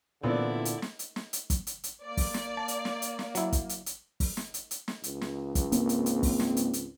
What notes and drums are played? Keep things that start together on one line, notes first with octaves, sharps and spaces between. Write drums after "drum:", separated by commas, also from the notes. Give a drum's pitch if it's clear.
A#2 D3 E3 B3 C4 E4 D5
drum: hi-hat
drum: snare
drum: hi-hat
drum: snare
drum: hi-hat
drum: kick, hi-hat
drum: hi-hat
drum: hi-hat
A#3 D5
drum: kick, open hi-hat
drum: snare
A5
drum: hi-hat
drum: snare
drum: hi-hat
drum: snare
F#3 E4, drum: hi-hat
drum: kick, hi-hat
drum: hi-hat
drum: hi-hat
drum: kick, open hi-hat
drum: snare
drum: hi-hat
drum: hi-hat
drum: snare
C#2, drum: hi-hat
drum: snare
drum: kick, hi-hat
G#2 A#3 C4, drum: hi-hat
drum: hi-hat
drum: hi-hat
drum: kick, open hi-hat
drum: snare
drum: hi-hat
drum: hi-hat